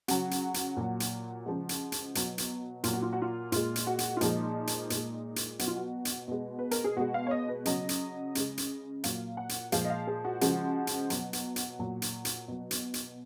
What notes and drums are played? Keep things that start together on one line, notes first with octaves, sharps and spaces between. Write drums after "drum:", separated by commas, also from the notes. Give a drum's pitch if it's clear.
C#3 F#3 F#4, drum: hi-hat
drum: hi-hat
drum: hi-hat
A#2 F#3
drum: hi-hat
C#3 F3 G#3
drum: hi-hat
drum: hi-hat
B2 F#3, drum: hi-hat
drum: hi-hat
A#2 F#3 F4, drum: hi-hat
F#4
F4
F#4
F4
A#2 G#3 F4, drum: hi-hat
drum: hi-hat
F#4
drum: hi-hat
F4
A#2 F3 G#3 D#4, drum: hi-hat
drum: hi-hat
A#2, drum: hi-hat
G#3
drum: hi-hat
B2 F#3 F#4, drum: hi-hat
F4
F#4
drum: hi-hat
B2 G#3
B4
A#4, drum: hi-hat
G#4
B2 G#3 F#4
F5
C#5
D#5
B4
C#3 F#3 D#5, drum: hi-hat
drum: hi-hat
C#3 G#3, drum: hi-hat
drum: hi-hat
A#2 F#3 F5, drum: hi-hat
F#5
drum: hi-hat
A#2 F3 G#3 F5, drum: hi-hat
D#5
F5
G#4
F#4
C#3 F3 G#3 F#4, drum: hi-hat
drum: hi-hat
B2 F#3, drum: hi-hat
drum: hi-hat
drum: hi-hat
A#2 F#3
drum: hi-hat
drum: hi-hat
B2 F#3
drum: hi-hat
drum: hi-hat